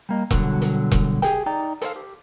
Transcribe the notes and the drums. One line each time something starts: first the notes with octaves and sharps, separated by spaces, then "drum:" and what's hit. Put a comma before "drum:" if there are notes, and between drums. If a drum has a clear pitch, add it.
G3 A#3 D#5
B2 D3 F#3 G3, drum: kick E1, hi-hat
drum: hi-hat
drum: kick E1, hi-hat
G4 G#4 G5, drum: hi-hat
D#4 D5 G5 A#5
A4 C5 C#5 F5, drum: hi-hat
G4